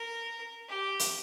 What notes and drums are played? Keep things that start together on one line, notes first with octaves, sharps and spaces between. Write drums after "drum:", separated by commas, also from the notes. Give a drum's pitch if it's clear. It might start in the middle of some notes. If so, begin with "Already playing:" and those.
Already playing: A#4
G4
drum: hi-hat